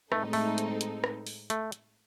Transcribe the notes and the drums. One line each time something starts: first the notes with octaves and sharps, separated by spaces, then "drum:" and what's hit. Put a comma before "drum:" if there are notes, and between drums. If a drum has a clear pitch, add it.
A2 G#3 A3 C4 D#4 A4, drum: rim click
A3, drum: open hi-hat
drum: hi-hat
drum: hi-hat
drum: rim click
drum: open hi-hat
A3, drum: hi-hat
drum: hi-hat